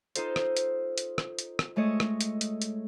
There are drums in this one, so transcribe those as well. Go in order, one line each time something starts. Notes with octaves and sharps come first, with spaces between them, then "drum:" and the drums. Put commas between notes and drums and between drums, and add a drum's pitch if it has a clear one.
D#4 F4 A4 C5, drum: hi-hat
drum: rim click
drum: hi-hat
drum: hi-hat
drum: rim click
drum: hi-hat
drum: rim click
G#3 A3 A4 C#5 D#5
drum: rim click
drum: hi-hat
drum: hi-hat
drum: hi-hat